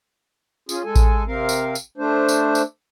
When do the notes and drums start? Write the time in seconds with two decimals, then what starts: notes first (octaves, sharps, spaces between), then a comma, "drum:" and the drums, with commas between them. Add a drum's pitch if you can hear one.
0.69 C#4 F4 G#4, drum: tambourine
0.84 G#3 A4 G#5
0.96 drum: kick A1, tambourine
1.27 C3 C4 A#4 F5
1.49 drum: tambourine
1.75 drum: tambourine
1.98 A3 D4 C5
2.29 drum: tambourine
2.55 drum: tambourine